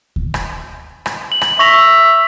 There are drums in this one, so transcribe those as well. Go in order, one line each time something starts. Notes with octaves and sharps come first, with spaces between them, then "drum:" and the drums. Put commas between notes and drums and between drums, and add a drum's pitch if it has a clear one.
drum: kick D2
drum: rim click
drum: rim click
F#7
drum: rim click
E5 C#6 A#6 F7